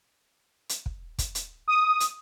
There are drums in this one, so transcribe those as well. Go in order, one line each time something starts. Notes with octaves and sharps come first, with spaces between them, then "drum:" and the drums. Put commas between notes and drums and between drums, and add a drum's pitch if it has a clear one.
drum: hi-hat
drum: kick
drum: kick, hi-hat
drum: hi-hat
D#6
drum: hi-hat